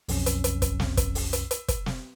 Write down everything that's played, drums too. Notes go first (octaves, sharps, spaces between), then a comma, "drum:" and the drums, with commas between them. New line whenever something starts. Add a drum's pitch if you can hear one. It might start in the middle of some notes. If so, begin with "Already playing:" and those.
B1 F2 C#4, drum: open hi-hat
drum: hi-hat
drum: hi-hat
drum: kick, hi-hat
drum: snare
drum: kick, hi-hat
drum: open hi-hat
drum: hi-hat
drum: hi-hat
drum: kick, hi-hat
drum: snare